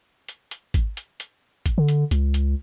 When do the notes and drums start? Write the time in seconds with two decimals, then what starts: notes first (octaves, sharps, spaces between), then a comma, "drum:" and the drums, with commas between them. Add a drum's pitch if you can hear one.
0.29 drum: hi-hat
0.51 drum: hi-hat
0.74 drum: kick G#1, hi-hat
0.97 drum: hi-hat
1.20 drum: hi-hat
1.66 drum: kick G#1, hi-hat
1.78 D3
1.88 drum: hi-hat
2.11 C#2, drum: hi-hat
2.34 drum: hi-hat